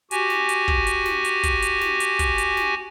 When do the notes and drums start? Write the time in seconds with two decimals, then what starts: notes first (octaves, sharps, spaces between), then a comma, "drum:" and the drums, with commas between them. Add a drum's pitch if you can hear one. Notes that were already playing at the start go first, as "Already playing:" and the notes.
0.11 F#4 G4 G#5, drum: hi-hat
0.30 drum: snare
0.49 drum: hi-hat
0.68 drum: kick
0.87 drum: hi-hat
1.06 drum: snare
1.24 drum: hi-hat
1.43 drum: kick, hi-hat
1.62 drum: hi-hat
1.81 drum: snare
2.00 drum: hi-hat
2.19 drum: kick, hi-hat
2.38 drum: hi-hat
2.57 drum: snare